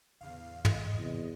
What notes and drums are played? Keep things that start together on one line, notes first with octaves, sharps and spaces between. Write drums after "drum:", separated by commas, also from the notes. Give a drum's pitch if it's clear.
E2 A2 D3 F5
D#5, drum: tom
E2 C3 A#3